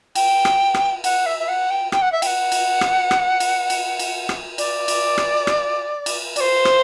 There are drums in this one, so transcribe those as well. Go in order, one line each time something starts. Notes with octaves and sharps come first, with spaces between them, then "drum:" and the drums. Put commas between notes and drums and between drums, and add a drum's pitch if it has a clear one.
G5, drum: cymbal
drum: rim click
drum: rim click
F#5, drum: cymbal
E5
E5
F#5
G5
G5, drum: rim click
F#5
E5
G5, drum: cymbal
F#5
drum: cymbal
drum: rim click
drum: rim click
drum: cymbal
drum: cymbal
drum: cymbal
drum: rim click
D5, drum: cymbal
drum: cymbal
drum: rim click
drum: rim click
drum: cymbal
D5, drum: cymbal
C5
drum: rim click